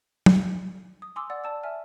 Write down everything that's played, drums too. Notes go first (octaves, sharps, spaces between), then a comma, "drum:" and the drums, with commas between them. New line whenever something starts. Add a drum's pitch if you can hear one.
drum: tom
D#6
G#5 C6 D6 E6
D5 F#5 E6 A6
D5 A5 E6
E5 G#5 F6